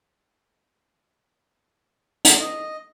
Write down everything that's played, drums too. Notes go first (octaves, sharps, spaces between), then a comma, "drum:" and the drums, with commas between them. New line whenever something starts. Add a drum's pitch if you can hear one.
drum: hi-hat
D#5